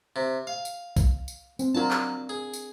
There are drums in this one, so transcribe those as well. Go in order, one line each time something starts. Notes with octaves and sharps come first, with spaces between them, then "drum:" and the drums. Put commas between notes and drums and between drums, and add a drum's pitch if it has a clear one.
C3
F5
drum: tambourine
drum: kick B1, tambourine
drum: tambourine
C4, drum: tambourine
F#3 D4 F4 A#4 A5
drum: clap
G#4
drum: tambourine